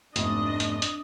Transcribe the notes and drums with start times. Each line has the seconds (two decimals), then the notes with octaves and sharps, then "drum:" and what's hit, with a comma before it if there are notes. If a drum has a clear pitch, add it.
0.16 F1 G#2 A3 B3 D4 D#5, drum: hi-hat
0.60 drum: hi-hat
0.82 drum: hi-hat